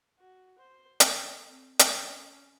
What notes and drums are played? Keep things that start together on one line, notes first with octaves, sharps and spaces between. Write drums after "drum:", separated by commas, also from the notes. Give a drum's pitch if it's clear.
F#4
C5
A4, drum: hi-hat
C4
D#5, drum: hi-hat
C#4